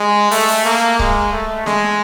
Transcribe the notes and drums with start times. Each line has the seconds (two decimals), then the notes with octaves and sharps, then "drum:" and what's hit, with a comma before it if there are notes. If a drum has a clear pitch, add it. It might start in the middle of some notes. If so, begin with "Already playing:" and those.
Already playing: G#3
0.31 A3, drum: open hi-hat
0.48 drum: open hi-hat
0.65 A#3
0.99 G#3, drum: kick C#1
1.33 A3
1.66 G#3, drum: snare